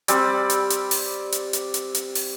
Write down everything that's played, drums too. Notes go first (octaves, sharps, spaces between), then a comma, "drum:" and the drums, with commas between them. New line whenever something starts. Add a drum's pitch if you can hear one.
G3 C4 D5, drum: hi-hat
drum: hi-hat
drum: hi-hat
drum: open hi-hat
drum: hi-hat
drum: hi-hat
drum: hi-hat
drum: hi-hat
drum: open hi-hat